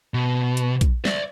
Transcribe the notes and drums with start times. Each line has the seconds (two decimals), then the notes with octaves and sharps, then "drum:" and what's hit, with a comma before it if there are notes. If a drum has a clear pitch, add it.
0.14 B2
0.57 drum: hi-hat
0.81 drum: kick A#1, hi-hat
1.05 D5 E5, drum: snare